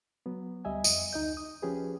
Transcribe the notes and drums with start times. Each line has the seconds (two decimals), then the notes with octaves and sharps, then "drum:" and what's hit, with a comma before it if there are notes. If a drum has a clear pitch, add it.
0.26 F#3 B3
0.65 D2 G3 D#5 E5 G#5
0.84 F2 D#5, drum: tambourine
1.13 D2 D#4 D#5 G6
1.37 D#6
1.62 F3 C#4 G4 G#4 B4